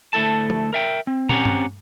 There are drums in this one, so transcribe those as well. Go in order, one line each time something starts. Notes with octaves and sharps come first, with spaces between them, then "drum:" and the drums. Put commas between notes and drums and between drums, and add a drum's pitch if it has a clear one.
D2 A3 E4 A4 A5
drum: tom
A#4 E5 G5
C4
C4 C#4 G4 F#5 A#5, drum: tom
drum: tom G2